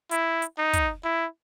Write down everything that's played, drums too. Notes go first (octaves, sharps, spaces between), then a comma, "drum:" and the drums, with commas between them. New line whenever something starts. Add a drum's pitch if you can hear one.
E4, drum: hi-hat
drum: hi-hat
D#4
drum: kick, hi-hat
E4